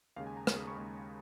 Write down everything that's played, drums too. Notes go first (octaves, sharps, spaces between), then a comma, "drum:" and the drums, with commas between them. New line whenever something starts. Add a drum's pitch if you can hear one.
D#2 C#3 G#3 F5
G#5
A#5
D#2 C#3 G#3 B5, drum: rim click
D#6
C#6
D#2 C#3 G#3